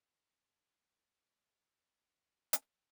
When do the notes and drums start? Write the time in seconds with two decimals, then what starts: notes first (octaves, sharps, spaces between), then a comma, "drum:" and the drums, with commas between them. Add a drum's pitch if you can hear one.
0.12 E3 C6
2.53 drum: hi-hat